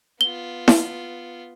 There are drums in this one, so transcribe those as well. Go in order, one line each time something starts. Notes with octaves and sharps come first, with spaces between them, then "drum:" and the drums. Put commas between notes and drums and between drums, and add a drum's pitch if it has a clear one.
B3 F4 G7
drum: snare E4